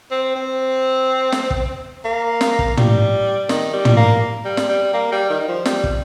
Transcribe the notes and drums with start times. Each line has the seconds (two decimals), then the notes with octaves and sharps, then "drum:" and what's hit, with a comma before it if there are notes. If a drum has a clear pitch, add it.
0.11 C4
0.36 C4
1.32 drum: snare
1.50 drum: kick
2.05 A#3
2.41 drum: snare
2.59 drum: kick
2.77 G3, drum: tom
3.49 D#3, drum: snare
3.73 G3
3.85 drum: tom
3.97 A#3
4.45 G3
4.57 drum: snare
4.69 G3
4.94 A#3
5.12 G3
5.30 D#3
5.41 D#3
5.48 F3
5.65 G3, drum: snare
5.84 drum: kick